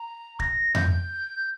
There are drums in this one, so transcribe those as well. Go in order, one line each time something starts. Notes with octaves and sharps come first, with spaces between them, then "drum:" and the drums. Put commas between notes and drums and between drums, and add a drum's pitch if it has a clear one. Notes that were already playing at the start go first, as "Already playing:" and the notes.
Already playing: A#5
A#6, drum: kick
G6, drum: tom F2